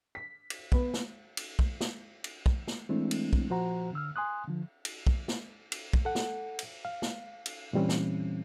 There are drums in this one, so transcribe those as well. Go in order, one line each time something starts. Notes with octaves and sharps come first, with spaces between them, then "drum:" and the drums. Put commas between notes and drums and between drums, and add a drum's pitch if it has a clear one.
B6
drum: cymbal
B3, drum: kick
drum: snare
drum: cymbal
drum: kick
drum: snare
drum: cymbal
drum: kick
drum: snare
E3 G#3 A3 C4 D4 E4
drum: cymbal
drum: kick
A#2 F3 F#4 C5 F#5 A#5
D3 E6 F6
G#5 C6 D#6 F#6
D3 F3
drum: cymbal
drum: kick
drum: snare
drum: cymbal
drum: kick
A4 F#5
drum: snare
drum: cymbal
F5
drum: snare
drum: cymbal
A#2 E3 G3 C4 C#4
drum: snare